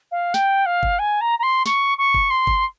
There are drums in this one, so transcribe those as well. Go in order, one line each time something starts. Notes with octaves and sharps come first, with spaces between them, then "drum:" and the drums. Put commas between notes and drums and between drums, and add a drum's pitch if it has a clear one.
F5
G5, drum: snare
F5
drum: kick
G#5
A#5
A#5
C6
C#6, drum: snare
C#6
drum: kick
C6
drum: kick